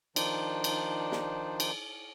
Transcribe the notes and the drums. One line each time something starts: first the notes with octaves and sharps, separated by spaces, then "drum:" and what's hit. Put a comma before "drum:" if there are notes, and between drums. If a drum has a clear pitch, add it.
D#3 F3 D4 D#4 C5 D5, drum: cymbal
drum: cymbal
drum: snare
drum: cymbal